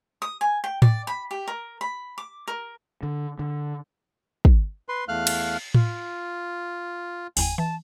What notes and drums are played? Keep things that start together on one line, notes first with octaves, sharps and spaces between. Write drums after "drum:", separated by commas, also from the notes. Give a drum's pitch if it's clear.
D#6
G#5
G5
D5, drum: tom A2
B5
G4
A#4
B5
D6
A#4
D3
D3
drum: kick
B4 C6
E2 A3 F5 F6 F#6
drum: cymbal
F4, drum: tom A2
G1 E2 G5 G#5, drum: open hi-hat
E3 A5